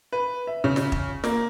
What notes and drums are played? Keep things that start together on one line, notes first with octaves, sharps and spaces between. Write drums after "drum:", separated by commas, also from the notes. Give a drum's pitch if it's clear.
B4
E5
C#3
drum: snare
drum: kick
A#3, drum: snare